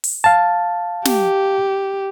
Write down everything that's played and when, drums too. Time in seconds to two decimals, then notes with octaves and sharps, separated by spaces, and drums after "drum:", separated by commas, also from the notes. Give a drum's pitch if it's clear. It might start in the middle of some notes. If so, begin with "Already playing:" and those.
0.04 drum: open hi-hat
0.24 F5 A5
1.05 G4, drum: snare